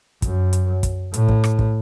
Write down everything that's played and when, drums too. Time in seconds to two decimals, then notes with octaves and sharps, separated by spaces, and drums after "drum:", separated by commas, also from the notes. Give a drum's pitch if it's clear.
0.22 F#2, drum: kick, hi-hat
0.53 drum: hi-hat
0.83 drum: kick, hi-hat
1.14 A2, drum: hi-hat
1.28 drum: kick
1.44 drum: rim click
1.59 drum: kick